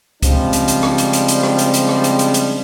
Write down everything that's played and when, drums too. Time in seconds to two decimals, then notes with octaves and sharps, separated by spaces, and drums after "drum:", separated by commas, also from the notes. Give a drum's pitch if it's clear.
0.22 C#3 F3 G3 G#3 C4 D4, drum: kick C#2, hi-hat
0.53 drum: hi-hat
0.68 drum: hi-hat
0.83 drum: rim click
0.98 drum: hi-hat
1.13 drum: hi-hat
1.28 drum: hi-hat
1.43 drum: rim click
1.59 drum: hi-hat
1.74 drum: hi-hat
1.89 drum: rim click
2.04 drum: hi-hat
2.19 drum: hi-hat
2.34 drum: hi-hat